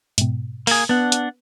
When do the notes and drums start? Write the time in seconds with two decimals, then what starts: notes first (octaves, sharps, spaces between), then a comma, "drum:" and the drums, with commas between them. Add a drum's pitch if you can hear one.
0.18 G#2 B2, drum: hi-hat
0.67 A#3 G#4, drum: open hi-hat
0.89 B3 D4 F#5
1.12 drum: hi-hat